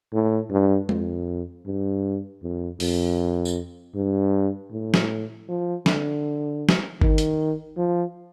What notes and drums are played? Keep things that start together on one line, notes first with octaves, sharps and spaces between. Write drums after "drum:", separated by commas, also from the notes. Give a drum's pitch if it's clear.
A2
G2
F2, drum: tom G#3
G2
F2
F2, drum: open hi-hat
drum: tambourine
G2
A2
drum: snare
F3
D3, drum: snare
drum: snare
D#3, drum: kick G1
drum: hi-hat
F3